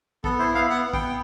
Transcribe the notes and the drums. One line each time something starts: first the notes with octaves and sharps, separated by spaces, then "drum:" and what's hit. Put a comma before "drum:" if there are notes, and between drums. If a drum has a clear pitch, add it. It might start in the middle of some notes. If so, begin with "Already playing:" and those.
B3 A4, drum: kick A#1
E4 C5
B3 F5
B3 F#5
B3
G5, drum: kick A#1
B3